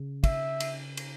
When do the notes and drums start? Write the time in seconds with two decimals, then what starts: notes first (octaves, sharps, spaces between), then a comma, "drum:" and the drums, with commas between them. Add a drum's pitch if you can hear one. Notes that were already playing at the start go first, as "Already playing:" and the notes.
Already playing: C#3
0.24 E5, drum: kick, cymbal
0.60 drum: cymbal
0.97 drum: cymbal